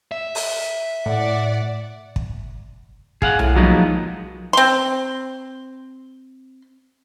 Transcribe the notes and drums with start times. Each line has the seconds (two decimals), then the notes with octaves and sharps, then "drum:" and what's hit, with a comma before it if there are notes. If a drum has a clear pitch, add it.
0.12 E5
0.35 drum: open hi-hat
1.06 A2 D5 F#5
2.16 drum: kick
3.22 G#4 F5 F#5, drum: kick
3.39 A2, drum: tom B1
3.55 F3 F#3 G#3 A#3 B3 D#4
4.53 C4 C6